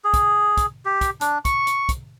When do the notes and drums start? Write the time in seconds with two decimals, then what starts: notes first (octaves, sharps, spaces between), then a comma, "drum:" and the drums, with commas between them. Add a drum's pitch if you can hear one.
0.05 G#4
0.14 drum: kick, hi-hat
0.57 drum: kick, hi-hat
0.85 G4
1.01 drum: kick, hi-hat
1.21 D4, drum: hi-hat
1.45 C#6, drum: kick, hi-hat
1.67 drum: hi-hat
1.89 drum: kick, hi-hat